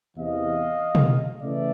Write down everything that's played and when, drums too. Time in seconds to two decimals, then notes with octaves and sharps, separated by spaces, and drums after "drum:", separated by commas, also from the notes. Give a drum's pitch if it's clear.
0.16 E2 C3 E3 D#5 F5
0.95 drum: tom
1.42 C#3 E3 A3 D5 E5